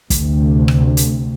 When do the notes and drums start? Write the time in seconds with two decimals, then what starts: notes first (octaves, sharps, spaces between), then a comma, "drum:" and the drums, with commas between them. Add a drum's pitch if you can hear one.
0.10 D2 C3, drum: kick, hi-hat
0.68 drum: rim click
0.97 drum: hi-hat